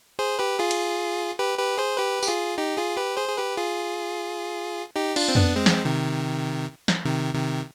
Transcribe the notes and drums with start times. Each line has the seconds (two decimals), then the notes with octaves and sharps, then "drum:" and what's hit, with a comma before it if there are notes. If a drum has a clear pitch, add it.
0.19 G#4 C5
0.39 G4 B4
0.59 F4 G#4
0.71 drum: cymbal
1.39 G4 B4
1.58 G4 B4
1.78 G#4 C5
1.98 G4 B4
2.23 G4, drum: tambourine
2.27 F4 G#4
2.58 D#4 G4
2.77 F4 G#4
2.97 G4 B4
3.17 G#4 C5
3.28 G#4
3.37 G4 B4
3.57 F4 G#4
4.96 D#4 G4
5.16 D4 F4, drum: cymbal
5.29 C4
5.35 B3 D4, drum: tom F2
5.55 G#3 C4
5.66 drum: snare
5.85 C3 D#3
6.88 drum: snare
7.05 C3 D#3
7.34 C3 D#3